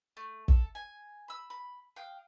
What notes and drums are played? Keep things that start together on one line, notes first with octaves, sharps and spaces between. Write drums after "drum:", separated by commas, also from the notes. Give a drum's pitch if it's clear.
A3
A4, drum: kick
G#5
B5 E6
B5
F5 G5 D#6 F#6